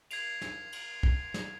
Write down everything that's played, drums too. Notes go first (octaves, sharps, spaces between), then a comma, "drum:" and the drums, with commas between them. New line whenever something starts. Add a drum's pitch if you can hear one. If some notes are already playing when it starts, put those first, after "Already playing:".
G#6 C7 F7, drum: cymbal
drum: snare
drum: cymbal
drum: kick
drum: snare